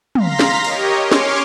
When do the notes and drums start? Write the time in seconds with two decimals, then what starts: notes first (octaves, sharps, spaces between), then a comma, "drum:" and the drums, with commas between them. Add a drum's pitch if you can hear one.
0.15 F5 A#5 C6 A#6 B6, drum: tom
0.39 drum: snare
0.64 G4 A#4 C#5 D#5, drum: cymbal
1.01 C#4 C#5 C6 D6 F6
1.12 drum: snare